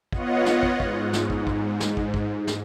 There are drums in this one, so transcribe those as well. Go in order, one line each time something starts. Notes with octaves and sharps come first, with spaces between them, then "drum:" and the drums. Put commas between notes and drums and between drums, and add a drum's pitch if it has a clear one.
B3 F4 C#5 D#5 F#5, drum: kick
drum: snare
drum: kick
G#2, drum: kick
drum: snare
drum: kick
drum: kick
drum: snare
drum: kick
drum: kick
drum: snare